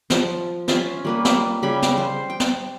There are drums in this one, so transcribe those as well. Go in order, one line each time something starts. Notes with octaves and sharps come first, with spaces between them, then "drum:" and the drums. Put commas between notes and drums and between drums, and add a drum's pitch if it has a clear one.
F3, drum: snare
C#4 F4 E5, drum: snare
G3 A#3 B4
drum: snare
C#3 G3 B5
drum: snare
C5
G5
drum: snare